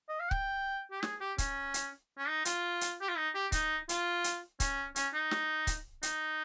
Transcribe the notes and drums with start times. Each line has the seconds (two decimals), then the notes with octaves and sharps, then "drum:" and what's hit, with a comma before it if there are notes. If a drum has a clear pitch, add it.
0.09 D#5
0.20 F5
0.31 G5, drum: kick C#1
0.91 G4
1.03 G#4, drum: snare
1.21 G4
1.38 C#4, drum: kick C#1, hi-hat
1.74 drum: hi-hat
2.18 C#4
2.28 D#4
2.45 F4, drum: hi-hat
2.81 drum: hi-hat
3.01 G4
3.09 F4
3.17 D#4
3.34 G4
3.52 D#4, drum: kick C#1, hi-hat
3.89 F4, drum: hi-hat
4.24 drum: hi-hat
4.60 C#4, drum: kick C#1, hi-hat
4.96 C#4, drum: hi-hat
5.14 D#4
5.31 drum: snare
5.67 drum: kick C#1, hi-hat
6.03 D#4, drum: hi-hat